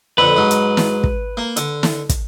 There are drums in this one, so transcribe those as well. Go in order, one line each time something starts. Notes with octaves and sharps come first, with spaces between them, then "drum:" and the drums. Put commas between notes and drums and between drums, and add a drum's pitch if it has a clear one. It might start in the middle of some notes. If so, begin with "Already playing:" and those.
F2 A#2 D3 B4
G#2 F#3
drum: hi-hat
drum: snare
drum: kick
A#3
D3, drum: hi-hat
drum: snare
drum: kick, hi-hat